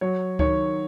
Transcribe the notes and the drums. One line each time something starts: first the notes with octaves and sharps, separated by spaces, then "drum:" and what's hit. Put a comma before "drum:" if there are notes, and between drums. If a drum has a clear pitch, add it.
F#3 C#5
D#3 C#5, drum: kick C#2